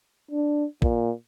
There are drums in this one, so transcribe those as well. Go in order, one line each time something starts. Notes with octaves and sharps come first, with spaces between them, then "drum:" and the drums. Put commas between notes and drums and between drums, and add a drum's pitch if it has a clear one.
D4
A#2, drum: kick